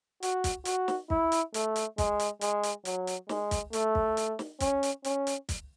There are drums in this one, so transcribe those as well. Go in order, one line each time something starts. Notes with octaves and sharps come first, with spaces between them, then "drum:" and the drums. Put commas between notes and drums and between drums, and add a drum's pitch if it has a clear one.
F#4, drum: hi-hat
drum: kick, hi-hat
F#4, drum: hi-hat
drum: snare
E4, drum: kick
drum: hi-hat
A3, drum: hi-hat
drum: hi-hat
G#3, drum: kick, hi-hat
drum: hi-hat
G#3, drum: hi-hat
drum: hi-hat
F#3, drum: hi-hat
drum: hi-hat
G#3, drum: snare
drum: kick, hi-hat
A3, drum: hi-hat
drum: kick
drum: hi-hat
drum: snare
C#4, drum: kick, hi-hat
drum: hi-hat
C#4, drum: hi-hat
drum: hi-hat
drum: kick, hi-hat